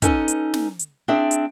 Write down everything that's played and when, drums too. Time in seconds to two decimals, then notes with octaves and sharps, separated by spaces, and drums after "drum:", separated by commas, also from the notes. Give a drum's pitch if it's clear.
0.02 C#4 D#4 A4 B4 G#5, drum: kick, hi-hat
0.28 drum: hi-hat
0.54 drum: snare
0.79 drum: hi-hat
1.08 C4 D4 G#4 E5
1.31 drum: hi-hat